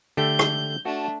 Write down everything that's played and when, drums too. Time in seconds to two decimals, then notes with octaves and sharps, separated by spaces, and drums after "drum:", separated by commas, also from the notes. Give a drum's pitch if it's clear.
0.17 D3 A3 G4 G6
0.39 drum: rim click
0.85 A3 D4 F#4